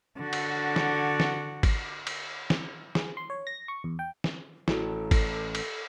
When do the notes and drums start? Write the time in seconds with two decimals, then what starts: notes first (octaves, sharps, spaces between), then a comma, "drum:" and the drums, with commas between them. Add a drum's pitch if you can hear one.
0.17 D3 F#4
0.33 drum: cymbal
0.76 drum: snare
1.20 drum: snare
1.63 drum: kick G#1, cymbal
2.07 drum: cymbal
2.50 drum: snare
2.95 G#4, drum: snare
3.17 C6
3.30 C#5
3.47 A#6
3.68 C#6
3.84 E2
3.99 G5
4.24 drum: snare
4.68 A1 E4 F#4 A4, drum: snare
5.11 drum: kick G#1, cymbal
5.55 drum: cymbal